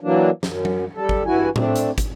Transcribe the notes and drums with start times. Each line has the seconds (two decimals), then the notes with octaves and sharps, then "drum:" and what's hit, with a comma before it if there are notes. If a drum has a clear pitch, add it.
0.01 E3 F#3 A#3 D4
0.43 F#2, drum: snare
0.65 drum: tom F#3
0.95 G3 A4
1.09 drum: kick
1.26 G2 E3 E4 F#4 G#5
1.56 A3 C4 D4, drum: tom A2
1.76 drum: hi-hat
1.98 drum: kick, hi-hat